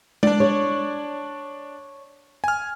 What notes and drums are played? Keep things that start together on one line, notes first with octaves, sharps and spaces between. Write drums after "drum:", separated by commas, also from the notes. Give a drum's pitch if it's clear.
D4 D5, drum: tom G#3
C#5
G#5 F6